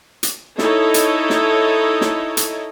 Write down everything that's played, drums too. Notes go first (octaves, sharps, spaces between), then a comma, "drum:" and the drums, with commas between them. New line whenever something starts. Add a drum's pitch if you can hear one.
drum: hi-hat
D#4 E4 A4 C#5 D#5, drum: snare
drum: hi-hat
drum: snare
drum: snare
drum: hi-hat